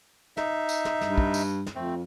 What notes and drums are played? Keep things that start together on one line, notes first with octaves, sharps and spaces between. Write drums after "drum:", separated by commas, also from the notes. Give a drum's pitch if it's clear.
D#4 E5, drum: snare
drum: tambourine
drum: snare
G2, drum: snare
drum: kick
drum: tambourine
drum: snare
F2 A3 C4